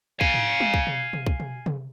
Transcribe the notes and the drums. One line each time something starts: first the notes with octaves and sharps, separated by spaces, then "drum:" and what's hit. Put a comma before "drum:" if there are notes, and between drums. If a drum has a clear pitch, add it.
F5 G#5, drum: kick
drum: tom G#2
drum: tom G3
drum: kick
drum: tom B2
drum: tom B2
drum: kick
drum: tom B2
drum: tom C3